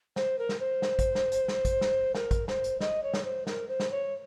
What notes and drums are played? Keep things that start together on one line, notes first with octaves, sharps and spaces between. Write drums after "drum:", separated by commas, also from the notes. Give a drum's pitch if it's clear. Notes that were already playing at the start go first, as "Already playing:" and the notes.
C5, drum: snare
A#4
drum: snare
C5
drum: snare
drum: kick, hi-hat
drum: snare
drum: hi-hat
drum: snare
drum: kick, hi-hat
drum: snare
A#4, drum: snare
drum: kick, hi-hat
C5, drum: snare
drum: hi-hat
D#5, drum: snare
C#5
drum: snare
C5
A#4, drum: snare
C5
drum: snare
C#5